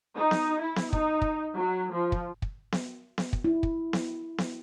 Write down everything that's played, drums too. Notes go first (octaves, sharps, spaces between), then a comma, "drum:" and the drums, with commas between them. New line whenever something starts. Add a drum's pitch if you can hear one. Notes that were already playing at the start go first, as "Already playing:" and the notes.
D#4
drum: snare B3
E4
drum: snare B3
D#4, drum: kick
drum: kick
F#3
F3
drum: kick
drum: kick
drum: snare B3
drum: snare B3
drum: kick
E4
drum: kick
drum: snare B3
drum: snare B3